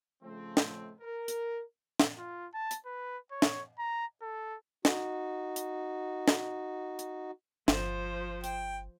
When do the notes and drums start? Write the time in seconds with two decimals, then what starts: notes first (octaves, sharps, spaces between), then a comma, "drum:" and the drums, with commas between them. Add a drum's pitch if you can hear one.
0.23 C#3 F3 A3 C4
0.57 drum: snare
1.01 A#4
1.28 drum: hi-hat
1.99 drum: snare
2.18 F4
2.54 A5
2.71 drum: hi-hat
2.86 B4
3.31 C#5
3.42 drum: snare
3.79 A#5
4.22 A4
4.85 D#4 F#4, drum: snare
5.56 drum: hi-hat
6.28 drum: snare
6.99 drum: hi-hat
7.68 G1 F3 C5, drum: snare
8.44 G5, drum: hi-hat